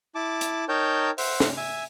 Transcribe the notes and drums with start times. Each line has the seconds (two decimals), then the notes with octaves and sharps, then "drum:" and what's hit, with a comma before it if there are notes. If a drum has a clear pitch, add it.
0.15 E4 A5 D6
0.41 drum: hi-hat
0.69 D#4 A#4 C#5 G5 A5 G6
1.18 C5 E5 F#5, drum: open hi-hat
1.40 drum: snare
1.57 E5 G#5